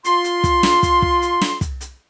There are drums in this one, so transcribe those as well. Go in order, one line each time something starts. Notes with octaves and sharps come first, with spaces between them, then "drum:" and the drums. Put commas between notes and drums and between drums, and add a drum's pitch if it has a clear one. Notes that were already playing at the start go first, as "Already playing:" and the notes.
F4 C6, drum: hi-hat
drum: hi-hat
drum: kick, hi-hat
drum: snare
drum: kick, hi-hat
drum: kick
drum: hi-hat
drum: snare
drum: kick, hi-hat
drum: hi-hat